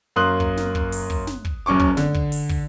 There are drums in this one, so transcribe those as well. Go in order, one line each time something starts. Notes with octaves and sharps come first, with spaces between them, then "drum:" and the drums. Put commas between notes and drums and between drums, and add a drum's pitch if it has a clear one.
F#2 A#3 C6 D#6 F#6 F#7
drum: kick
drum: snare
drum: kick
drum: open hi-hat
drum: kick
drum: snare
drum: kick
F#1 F#2 C#4 C#6 D6
drum: kick
D3, drum: snare
drum: kick
drum: open hi-hat
drum: kick